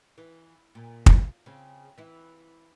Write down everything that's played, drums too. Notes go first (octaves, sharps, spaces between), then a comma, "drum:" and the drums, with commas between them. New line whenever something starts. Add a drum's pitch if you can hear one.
E3
A#2
drum: kick
C#3 C4
E3 E4